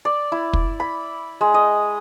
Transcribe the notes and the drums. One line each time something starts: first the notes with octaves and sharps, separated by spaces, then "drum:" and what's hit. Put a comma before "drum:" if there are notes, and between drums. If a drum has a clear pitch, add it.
D5
E4
drum: kick
B5
G#3
D#5